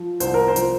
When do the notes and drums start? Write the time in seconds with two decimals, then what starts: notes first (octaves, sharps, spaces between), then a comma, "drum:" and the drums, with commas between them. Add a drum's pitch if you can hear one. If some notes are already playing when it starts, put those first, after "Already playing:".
Already playing: F3
0.20 C2 C5, drum: hi-hat
0.34 A#4
0.48 C5
0.56 F3, drum: hi-hat